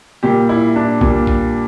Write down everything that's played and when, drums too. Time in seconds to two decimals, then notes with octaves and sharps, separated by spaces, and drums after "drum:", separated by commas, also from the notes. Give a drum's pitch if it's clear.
0.23 A#2 G3 G4
0.49 E4
0.76 D4
1.01 A#2 G3, drum: kick A#1
1.27 drum: kick A#1